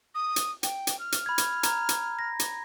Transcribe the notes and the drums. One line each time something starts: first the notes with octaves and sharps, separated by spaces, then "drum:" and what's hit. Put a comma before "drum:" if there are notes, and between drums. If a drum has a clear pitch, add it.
D#6
drum: hi-hat
G5, drum: hi-hat
drum: hi-hat
F6
drum: hi-hat
B5 G#6
drum: hi-hat
A#5 G#6, drum: hi-hat
drum: hi-hat
A#6
drum: hi-hat